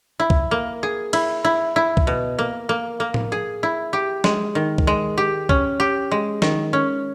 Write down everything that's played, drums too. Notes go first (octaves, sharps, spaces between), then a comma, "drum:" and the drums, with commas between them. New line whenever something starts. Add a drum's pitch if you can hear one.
E4
drum: kick
A#3
G#4
E4, drum: cymbal
E4
E4
drum: kick
B2
A#3
A#3
A#3
drum: tom A2
G#4
E4
G4
G#3, drum: snare
D#3
drum: kick
G#3
G4
C#4, drum: kick
G4
G#3
D#3, drum: snare
C#4